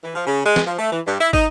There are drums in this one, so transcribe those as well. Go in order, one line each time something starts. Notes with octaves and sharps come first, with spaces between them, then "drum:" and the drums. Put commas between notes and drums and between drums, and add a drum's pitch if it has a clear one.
E3
F3
C#3
G#3
drum: snare
F3
A3
E3
G2
E4
D#4, drum: kick